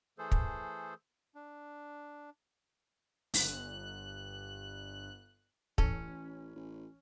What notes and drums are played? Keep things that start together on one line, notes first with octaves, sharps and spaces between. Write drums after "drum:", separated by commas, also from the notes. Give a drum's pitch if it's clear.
E3 A3 G#4 A4 C5
drum: kick
D4
G1 F#6, drum: open hi-hat
A1 E3 C#4 A4, drum: kick
A1